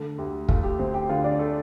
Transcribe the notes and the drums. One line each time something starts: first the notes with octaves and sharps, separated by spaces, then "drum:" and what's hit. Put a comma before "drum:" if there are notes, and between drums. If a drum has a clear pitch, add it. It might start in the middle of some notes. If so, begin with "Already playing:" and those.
Already playing: D3 A3 A4
D2 G4
A3 F4, drum: kick
G4
D2 C4 C5
G4 G5
D3 F4 F5
D4 D5
A3 A4